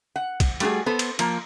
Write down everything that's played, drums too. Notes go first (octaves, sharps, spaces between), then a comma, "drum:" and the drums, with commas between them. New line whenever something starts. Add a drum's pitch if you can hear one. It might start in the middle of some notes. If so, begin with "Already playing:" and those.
F#5
drum: kick, cymbal
G3 A3 F4 F#4 G#4, drum: cymbal
B3 A4 C5
drum: cymbal
F3 A#3, drum: cymbal